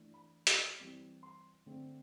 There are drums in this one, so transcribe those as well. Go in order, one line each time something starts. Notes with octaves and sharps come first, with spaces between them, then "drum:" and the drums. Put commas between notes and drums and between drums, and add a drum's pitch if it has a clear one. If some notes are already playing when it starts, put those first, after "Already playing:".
Already playing: E3 A3 D4
B5
drum: hi-hat
E3 G3 C4
C6
D3 A3 C4